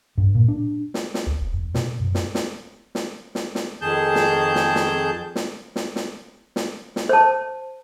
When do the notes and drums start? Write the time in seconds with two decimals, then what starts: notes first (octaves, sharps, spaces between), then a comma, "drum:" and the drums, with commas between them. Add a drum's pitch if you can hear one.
0.18 G2
0.35 A#2
0.48 D4
0.94 drum: snare
1.14 drum: snare
1.27 D2
1.41 E1
1.54 F2
1.74 B2, drum: snare
2.00 F#2
2.15 drum: snare
2.35 drum: snare
2.95 drum: snare
3.35 drum: snare
3.55 drum: snare
3.81 F2 D#3 G#4 A5 G6
4.15 drum: snare
4.55 drum: snare
4.75 drum: snare
5.36 drum: snare
5.76 drum: snare
5.96 drum: snare
6.56 drum: snare
6.96 drum: snare
7.09 C5 A5